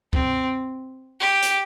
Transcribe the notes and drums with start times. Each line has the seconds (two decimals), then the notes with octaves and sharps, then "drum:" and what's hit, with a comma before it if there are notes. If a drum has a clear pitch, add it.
0.13 C4, drum: kick C#2
1.20 G4
1.42 drum: hi-hat